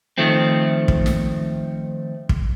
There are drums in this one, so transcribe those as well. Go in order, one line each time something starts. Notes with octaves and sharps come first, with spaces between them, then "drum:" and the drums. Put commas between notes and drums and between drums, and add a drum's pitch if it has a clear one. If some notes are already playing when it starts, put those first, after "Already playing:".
D#3 F3 A3 C4
drum: kick
drum: snare
drum: kick